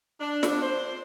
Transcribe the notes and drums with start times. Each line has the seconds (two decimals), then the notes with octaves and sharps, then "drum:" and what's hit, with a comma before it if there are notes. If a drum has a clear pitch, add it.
0.21 D4
0.43 drum: snare
0.62 C5